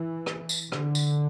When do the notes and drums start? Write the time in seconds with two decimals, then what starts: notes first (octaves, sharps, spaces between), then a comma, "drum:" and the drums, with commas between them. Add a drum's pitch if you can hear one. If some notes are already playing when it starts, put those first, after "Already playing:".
Already playing: E3
0.26 drum: rim click
0.49 drum: tambourine
0.72 D3, drum: rim click
0.95 drum: tambourine